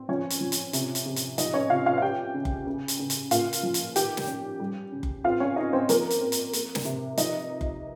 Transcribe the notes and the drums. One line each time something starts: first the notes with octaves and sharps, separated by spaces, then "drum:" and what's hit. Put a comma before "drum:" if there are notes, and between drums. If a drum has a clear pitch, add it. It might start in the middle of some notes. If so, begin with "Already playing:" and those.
Already playing: C4
F3 C#4 C#5
drum: hi-hat
F3
drum: hi-hat
C3, drum: hi-hat
drum: hi-hat
C3
drum: hi-hat
F3 D#4 D#5, drum: hi-hat
C#4 C#5
C3 F4 F5
F4 F5
F5
C#4 G4 G5
C#3
drum: kick F#1
C#3
drum: hi-hat
C#3
drum: hi-hat
A#2 F4 F5, drum: hi-hat
drum: hi-hat
F3
drum: hi-hat
D#3 G4 G5, drum: hi-hat
drum: snare
C#4
G3
C#3
drum: kick F#1
C4 F4 F5
C#4 C#5
C4 D#4 D#5
C4 C5
F3 A#3 A#4, drum: hi-hat
drum: hi-hat
C4
drum: hi-hat
A#3, drum: hi-hat
drum: snare
C3
F3 D#4 D#5, drum: hi-hat
drum: kick F#1